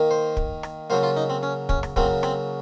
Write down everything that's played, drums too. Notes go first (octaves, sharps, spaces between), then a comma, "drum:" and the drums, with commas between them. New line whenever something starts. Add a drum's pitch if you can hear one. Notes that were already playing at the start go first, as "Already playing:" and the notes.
Already playing: D#3 A#3
C5
drum: kick
drum: rim click
C#3 F#3 A#3 C5
F4
D#4
C4
C#4
C#4, drum: kick
drum: rim click
C#3 F#3 A#3 C4, drum: kick
C4, drum: rim click